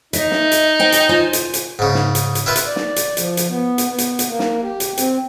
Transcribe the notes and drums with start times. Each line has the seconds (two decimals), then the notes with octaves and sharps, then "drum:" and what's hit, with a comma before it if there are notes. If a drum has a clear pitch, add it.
0.13 D#4 D#5 E5, drum: hi-hat
0.31 drum: snare
0.52 drum: hi-hat
0.79 C5 G5 G#5
0.92 drum: hi-hat
1.09 F4 C5 G#5
1.33 drum: hi-hat
1.54 drum: hi-hat
1.79 G#2 C#3
1.94 drum: snare
2.15 drum: hi-hat
2.35 drum: hi-hat
2.46 E4 F4 B4 E5
2.56 drum: hi-hat
2.67 D5
2.76 drum: snare
2.96 drum: hi-hat
3.17 F3, drum: hi-hat
3.37 drum: hi-hat
3.49 B3
3.78 drum: hi-hat
3.88 B3
3.98 drum: hi-hat
4.19 drum: hi-hat
4.28 A#3
4.39 drum: snare
4.63 G4
4.80 drum: hi-hat
4.97 C4, drum: hi-hat